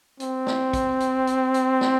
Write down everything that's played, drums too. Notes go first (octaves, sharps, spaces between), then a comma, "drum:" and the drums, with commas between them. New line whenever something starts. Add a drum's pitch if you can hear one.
C4, drum: hi-hat
drum: snare
drum: kick, hi-hat
drum: hi-hat
drum: hi-hat
drum: hi-hat
drum: snare